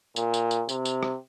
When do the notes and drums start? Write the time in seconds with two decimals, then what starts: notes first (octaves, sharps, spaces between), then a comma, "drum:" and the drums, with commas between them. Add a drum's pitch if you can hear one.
0.16 A#2, drum: tambourine
0.34 drum: tambourine
0.51 drum: tambourine
0.69 C3, drum: tambourine
0.85 drum: tambourine
1.03 drum: rim click